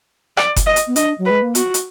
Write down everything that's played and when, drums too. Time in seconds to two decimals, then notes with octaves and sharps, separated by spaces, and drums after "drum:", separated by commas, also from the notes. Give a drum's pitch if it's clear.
0.37 D5, drum: rim click
0.56 drum: kick F#1, hi-hat
0.66 D#5
0.76 drum: hi-hat
0.87 B3
0.96 D4 D#5, drum: hi-hat
1.18 F#3
1.26 B4
1.30 G#3
1.42 A#3
1.55 B3 F#4, drum: hi-hat
1.74 drum: hi-hat